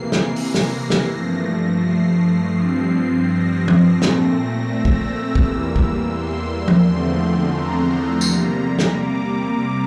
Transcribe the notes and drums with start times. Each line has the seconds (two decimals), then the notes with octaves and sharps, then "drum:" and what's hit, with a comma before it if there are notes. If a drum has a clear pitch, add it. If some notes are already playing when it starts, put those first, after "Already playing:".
Already playing: C3 E3 A#3 C7
0.12 drum: snare
0.36 A#6, drum: open hi-hat
0.54 drum: snare
0.90 drum: snare
1.08 G2 F3 A3
1.79 C7
2.50 G2 F3 C4
3.21 A#6
3.68 drum: tom F3
3.92 A#2 A3 C4
4.02 drum: snare
4.64 E6
4.85 drum: kick
5.35 E2 E3 G3 A#3, drum: kick
5.76 drum: kick
6.07 C6
6.68 drum: tom F3
6.78 E2 D3 F3 A3 C4
7.49 A#5
8.21 C3 G3 A#3, drum: tambourine
8.79 drum: snare
8.92 D6